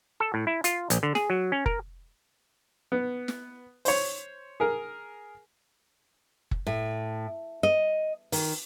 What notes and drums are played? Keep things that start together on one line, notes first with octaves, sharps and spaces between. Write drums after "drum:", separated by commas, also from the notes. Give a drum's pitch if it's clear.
A4
A2
E4
F4, drum: hi-hat
A#1, drum: hi-hat
D3
G#4, drum: snare
F#3
C#4
A#4, drum: kick F#1
B3
drum: snare
C5 C#5, drum: open hi-hat
G#4 A#4
drum: kick F#1
A2
D#5
D#3, drum: open hi-hat